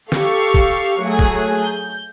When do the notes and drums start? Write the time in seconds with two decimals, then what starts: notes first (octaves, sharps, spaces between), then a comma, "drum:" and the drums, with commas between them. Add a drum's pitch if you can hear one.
0.12 G4 A4 F5 C#6, drum: snare
0.54 drum: kick
1.02 F#3 A3 G#4
1.19 drum: kick
1.60 G6